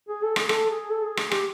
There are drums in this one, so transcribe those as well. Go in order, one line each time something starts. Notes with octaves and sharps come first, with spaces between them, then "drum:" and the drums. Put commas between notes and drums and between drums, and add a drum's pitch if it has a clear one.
G#4
A4
G#4, drum: rim click
A4, drum: rim click
G#4
A4
G#4
G#4, drum: rim click
G4, drum: rim click